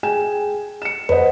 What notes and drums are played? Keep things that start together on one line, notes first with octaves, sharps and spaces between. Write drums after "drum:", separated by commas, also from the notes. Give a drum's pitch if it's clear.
G#4 G5 G#5 E7
C#7 E7
B4 C5 D#5 F#5, drum: tom